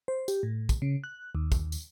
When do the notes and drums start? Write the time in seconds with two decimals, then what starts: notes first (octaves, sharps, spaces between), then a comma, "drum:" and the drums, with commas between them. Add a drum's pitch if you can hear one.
0.08 C5
0.28 G4, drum: tambourine
0.43 A2
0.69 drum: kick, tambourine
0.82 C#3
1.04 F#6
1.35 D#2
1.52 drum: kick, tambourine
1.72 drum: tambourine